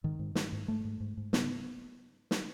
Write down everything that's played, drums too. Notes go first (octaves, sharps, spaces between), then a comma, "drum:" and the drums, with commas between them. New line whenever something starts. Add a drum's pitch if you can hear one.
G#2 D#3
G#2
G#2, drum: snare
G#2
G#2 A3
G#2
G#2
G#2
C#3 B3, drum: snare
drum: snare